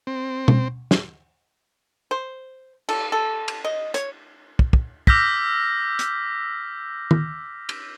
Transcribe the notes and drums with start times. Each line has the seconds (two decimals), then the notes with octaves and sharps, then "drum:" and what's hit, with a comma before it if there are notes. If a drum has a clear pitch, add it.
0.07 C4
0.48 drum: tom B2
0.91 drum: snare
2.11 C5
2.89 A4, drum: cymbal
3.12 A4
3.48 drum: cymbal
3.65 D#5
3.94 C#5, drum: hi-hat
4.59 drum: kick
4.73 drum: kick
5.07 D6 E6 F6 G6 A#6 B6, drum: kick
5.99 drum: hi-hat
7.11 drum: tom D#3
7.69 drum: cymbal